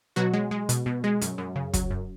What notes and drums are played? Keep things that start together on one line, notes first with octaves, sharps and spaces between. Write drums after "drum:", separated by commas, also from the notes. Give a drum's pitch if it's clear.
B2 F#3 F#4
G#3
G#3
B2, drum: hi-hat
B2
G#3
F#2, drum: hi-hat
F#2
C#3
F#3, drum: kick, hi-hat
F#2